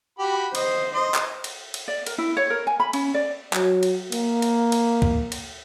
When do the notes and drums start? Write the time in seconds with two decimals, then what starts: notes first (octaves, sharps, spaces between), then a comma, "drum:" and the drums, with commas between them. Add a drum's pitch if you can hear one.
0.19 F#4 G4 B5
0.55 C5 D#5, drum: cymbal
0.93 D#5 C6
1.14 drum: clap
1.44 drum: cymbal
1.74 drum: cymbal
1.88 D5
2.07 A#4, drum: cymbal
2.18 E4
2.37 C#5
2.50 A#4
2.67 G#5
2.80 B5
2.93 C#4, drum: cymbal
3.14 D5
3.53 F#3, drum: clap
3.83 drum: cymbal
4.12 A#3, drum: cymbal
4.42 drum: cymbal
4.72 drum: cymbal
5.02 drum: kick
5.32 drum: cymbal